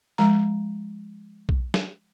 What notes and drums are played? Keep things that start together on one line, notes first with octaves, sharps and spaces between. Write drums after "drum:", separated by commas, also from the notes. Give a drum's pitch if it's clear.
F3 G#3 A#5
drum: kick B1
drum: snare